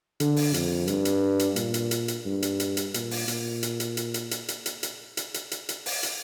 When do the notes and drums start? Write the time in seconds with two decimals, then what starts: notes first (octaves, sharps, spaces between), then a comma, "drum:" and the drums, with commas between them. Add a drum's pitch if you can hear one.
0.20 D3, drum: hi-hat
0.36 drum: open hi-hat
0.54 F2, drum: hi-hat
0.88 G2, drum: hi-hat
1.05 drum: hi-hat
1.39 drum: hi-hat
1.56 A#2, drum: hi-hat
1.74 drum: hi-hat
1.91 drum: hi-hat
2.08 drum: hi-hat
2.26 G2
2.42 drum: hi-hat
2.60 drum: hi-hat
2.77 drum: hi-hat
2.94 A#2, drum: hi-hat
3.11 drum: open hi-hat
3.28 A#2, drum: hi-hat
3.63 drum: hi-hat
3.80 drum: hi-hat
3.97 drum: hi-hat
4.14 drum: hi-hat
4.31 drum: hi-hat
4.48 drum: hi-hat
4.66 drum: hi-hat
4.83 drum: hi-hat
5.17 drum: hi-hat
5.34 drum: hi-hat
5.51 drum: hi-hat
5.69 drum: hi-hat
5.86 drum: open hi-hat
6.03 drum: hi-hat